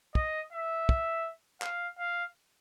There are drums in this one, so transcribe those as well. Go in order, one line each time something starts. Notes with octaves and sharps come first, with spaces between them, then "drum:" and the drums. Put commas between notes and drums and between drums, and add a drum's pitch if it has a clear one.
D#5, drum: kick
E5
drum: kick
F5, drum: clap
F5